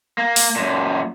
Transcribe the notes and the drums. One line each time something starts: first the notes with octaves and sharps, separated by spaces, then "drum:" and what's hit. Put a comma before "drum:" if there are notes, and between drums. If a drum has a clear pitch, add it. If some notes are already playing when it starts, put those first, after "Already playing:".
A#3
drum: open hi-hat
F#2 A#2